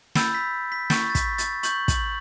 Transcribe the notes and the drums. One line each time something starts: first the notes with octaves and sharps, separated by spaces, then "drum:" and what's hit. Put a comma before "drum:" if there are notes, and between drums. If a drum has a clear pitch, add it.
B5 E6 G6 A6, drum: snare
B6
B6
C#6 G6 A6, drum: snare
A6
B6, drum: kick, hi-hat
A6, drum: hi-hat
C#6 G6 F#7, drum: hi-hat
F#7, drum: kick, hi-hat